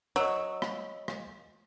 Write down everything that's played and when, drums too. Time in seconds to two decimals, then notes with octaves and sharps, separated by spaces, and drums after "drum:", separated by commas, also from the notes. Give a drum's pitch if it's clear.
0.16 F#3 D#5 C#6 E6
0.62 drum: rim click
1.08 drum: rim click